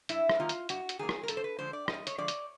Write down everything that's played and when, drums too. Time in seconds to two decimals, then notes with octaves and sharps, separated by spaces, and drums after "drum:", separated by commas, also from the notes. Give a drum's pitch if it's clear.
0.09 G2 E4, drum: hi-hat
0.29 drum: rim click
0.40 D#3 F#3 A#3 F4
0.49 drum: hi-hat
0.69 G2 F#4, drum: hi-hat
0.89 drum: hi-hat
0.99 D#3 F#3 A#3 G#4
1.09 drum: rim click
1.23 A#4
1.28 G2 A4, drum: hi-hat
1.37 C5
1.44 B4
1.59 D3 F3 G#3 C5
1.73 D5
1.88 G2 D#5, drum: rim click
2.07 C#5, drum: hi-hat
2.18 D3 F3 G#3 D5
2.28 drum: hi-hat